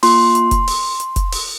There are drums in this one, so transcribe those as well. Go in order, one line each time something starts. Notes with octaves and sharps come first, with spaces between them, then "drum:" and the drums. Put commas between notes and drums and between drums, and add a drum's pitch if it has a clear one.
A#3 F4 C6, drum: open hi-hat
drum: hi-hat
drum: kick F1, hi-hat
drum: open hi-hat
drum: hi-hat
drum: kick F1, hi-hat
drum: open hi-hat